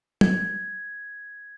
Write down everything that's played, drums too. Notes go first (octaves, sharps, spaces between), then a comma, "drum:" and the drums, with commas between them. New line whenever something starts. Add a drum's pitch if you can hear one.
G#6, drum: tom